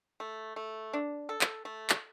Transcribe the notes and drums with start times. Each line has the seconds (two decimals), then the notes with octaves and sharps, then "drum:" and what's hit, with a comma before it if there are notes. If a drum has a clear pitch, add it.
0.20 A3
0.56 A3
0.93 D4
1.29 A4
1.41 drum: clap
1.65 A3
1.90 drum: clap